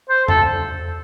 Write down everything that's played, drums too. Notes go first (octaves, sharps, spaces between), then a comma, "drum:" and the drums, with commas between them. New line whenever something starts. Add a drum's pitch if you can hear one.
C5
A4, drum: tom E2